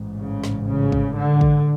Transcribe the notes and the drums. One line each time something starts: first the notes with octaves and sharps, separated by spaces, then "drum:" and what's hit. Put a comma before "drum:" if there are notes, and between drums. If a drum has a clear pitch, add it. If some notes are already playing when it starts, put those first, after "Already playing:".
Already playing: A1 G#2
C#3
drum: snare
C#3
drum: kick
D3
drum: kick